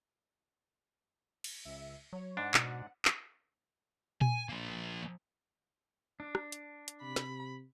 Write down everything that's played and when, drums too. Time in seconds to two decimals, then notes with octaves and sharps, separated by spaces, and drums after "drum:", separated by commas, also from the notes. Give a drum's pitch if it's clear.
1.44 drum: cymbal
1.65 C#2 E5
2.13 F#3 C#5
2.37 G#2 D4 F#5
2.54 B2, drum: clap
3.05 drum: clap
4.21 G#5, drum: tom A#2
4.49 F3 A#3
6.20 D4
6.35 drum: rim click
6.52 drum: hi-hat
6.88 drum: hi-hat
7.02 C3 B5
7.16 drum: snare